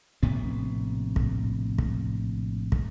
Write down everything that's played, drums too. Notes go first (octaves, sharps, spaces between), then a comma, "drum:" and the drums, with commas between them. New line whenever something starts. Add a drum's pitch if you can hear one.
A#1 A2 C3 B3
drum: kick
drum: kick
drum: kick